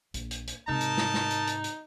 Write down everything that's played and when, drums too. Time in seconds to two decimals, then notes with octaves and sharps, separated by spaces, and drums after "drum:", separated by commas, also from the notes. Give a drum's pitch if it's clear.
0.14 A#1, drum: hi-hat
0.31 drum: hi-hat
0.47 drum: hi-hat
0.68 G#2 C3 D#4 A#4 D#5 A5
0.81 drum: hi-hat
0.97 drum: snare
1.14 drum: snare
1.31 drum: hi-hat
1.47 drum: hi-hat
1.64 drum: hi-hat